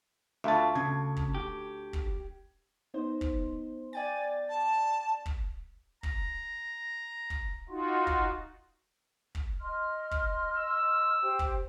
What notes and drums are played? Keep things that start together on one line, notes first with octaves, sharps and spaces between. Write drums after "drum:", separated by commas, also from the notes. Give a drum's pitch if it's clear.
D2 F4 E5 A5
C#3 G#6
drum: kick
G4
drum: kick
B3 D#4 C5
drum: kick
D5 G5 G#5 A6
A5
drum: kick
A#5, drum: kick
drum: kick
D#4 F4 F#4
drum: kick
drum: kick
D#5 C6 F6
drum: kick
E6
G4 C5 G5
drum: kick